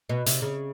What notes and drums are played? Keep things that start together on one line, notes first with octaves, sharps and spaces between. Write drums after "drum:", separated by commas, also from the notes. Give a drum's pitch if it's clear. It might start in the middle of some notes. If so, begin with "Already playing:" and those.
B2
C3, drum: hi-hat
C#3